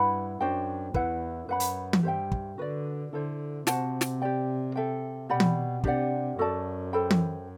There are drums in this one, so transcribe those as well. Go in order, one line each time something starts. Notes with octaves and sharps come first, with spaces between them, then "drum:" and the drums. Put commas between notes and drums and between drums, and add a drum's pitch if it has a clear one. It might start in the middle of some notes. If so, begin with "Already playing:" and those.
Already playing: G2 E4 B4 F#5 B5
F#2 D4 F#4 C5 G5
E2 E4 B4 F#5, drum: kick
F#2 B4 F#5 B5
drum: hi-hat
drum: tom
G2 G4 C5 E5 G5
drum: kick
D3 F#4 B4 D5
D3 E4 A4 C5
C3 F#4 C5 F#5 A5, drum: snare
drum: snare
G4 D5 G5
A4 E5 G5
B2 G4 D5 F#5 B5
drum: tom
C3 D4 G4 D5 F#5, drum: kick
F#2 F#4 A4 D5 A5
A4 C5 G5 B5
drum: tom